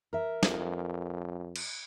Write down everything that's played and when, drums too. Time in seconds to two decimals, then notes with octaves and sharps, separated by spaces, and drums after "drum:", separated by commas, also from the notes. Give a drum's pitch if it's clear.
0.13 A#4 E5
0.43 F2, drum: snare
1.56 drum: cymbal